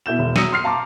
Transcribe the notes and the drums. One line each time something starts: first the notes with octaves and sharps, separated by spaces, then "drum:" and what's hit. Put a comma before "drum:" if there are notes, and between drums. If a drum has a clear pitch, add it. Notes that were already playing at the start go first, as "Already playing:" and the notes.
B2 E4 G6 E7
E1
F#3 D#6 E6 A#6 C#7 D#7, drum: snare
C6 F6 C7
F5 A5 A#5 C6 D6